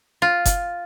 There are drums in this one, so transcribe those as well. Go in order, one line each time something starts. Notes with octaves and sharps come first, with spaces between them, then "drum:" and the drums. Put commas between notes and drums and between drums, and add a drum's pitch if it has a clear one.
F4
drum: kick F#1, hi-hat